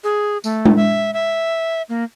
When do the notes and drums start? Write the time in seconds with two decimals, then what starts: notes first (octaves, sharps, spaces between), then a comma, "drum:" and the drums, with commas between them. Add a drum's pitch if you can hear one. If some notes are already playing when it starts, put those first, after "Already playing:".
0.04 G#4
0.44 A3, drum: tambourine
0.65 drum: tom G#3
0.77 E5
1.13 E5
1.89 A#3